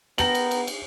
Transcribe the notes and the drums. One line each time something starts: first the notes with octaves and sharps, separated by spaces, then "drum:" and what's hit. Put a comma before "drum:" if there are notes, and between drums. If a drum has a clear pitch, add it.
B3 A#4 G5 A#5 F#7, drum: cymbal
drum: cymbal
drum: cymbal
drum: cymbal